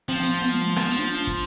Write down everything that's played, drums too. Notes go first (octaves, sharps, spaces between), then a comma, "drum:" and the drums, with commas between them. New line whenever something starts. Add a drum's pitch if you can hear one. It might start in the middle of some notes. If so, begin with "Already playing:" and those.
F3 C4, drum: open hi-hat
C4
B3
B3, drum: hi-hat
G#3
A3
F3 B3, drum: rim click
D4
drum: open hi-hat
drum: kick